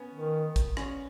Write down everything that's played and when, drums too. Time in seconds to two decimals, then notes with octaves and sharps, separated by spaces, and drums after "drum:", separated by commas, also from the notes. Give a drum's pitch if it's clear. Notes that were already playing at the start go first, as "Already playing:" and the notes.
Already playing: B3 C#4
0.14 D#3
0.56 drum: kick, hi-hat
0.77 C#4, drum: rim click